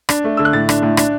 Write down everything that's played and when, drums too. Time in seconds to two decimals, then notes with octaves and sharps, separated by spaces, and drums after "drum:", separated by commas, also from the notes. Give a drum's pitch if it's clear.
0.09 D4, drum: rim click
0.24 A3
0.37 D3 E6
0.45 F#6
0.53 A2 A6
0.69 D4, drum: rim click
0.83 A2
0.97 D4, drum: rim click